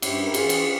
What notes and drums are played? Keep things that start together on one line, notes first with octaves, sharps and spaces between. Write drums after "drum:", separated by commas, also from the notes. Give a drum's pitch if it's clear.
G2 E4 G4, drum: cymbal
A#4
E3 F4 G#4, drum: cymbal
drum: cymbal